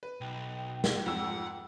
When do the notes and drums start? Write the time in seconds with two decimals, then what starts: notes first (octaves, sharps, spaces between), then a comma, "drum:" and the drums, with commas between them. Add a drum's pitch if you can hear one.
0.03 B4
0.21 B1 G5
0.84 drum: snare G#4
1.06 F2 G#2 F#5 E6